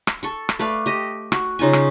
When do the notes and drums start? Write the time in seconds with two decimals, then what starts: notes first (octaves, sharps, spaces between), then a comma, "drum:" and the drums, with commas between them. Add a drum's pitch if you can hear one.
0.07 drum: rim click
0.23 A4 C#6
0.49 drum: rim click
0.59 A3 B4 D5 F5
0.86 G4 D#5
1.32 F#4, drum: rim click
1.59 C#3 D#4 F4 G#5
1.73 drum: rim click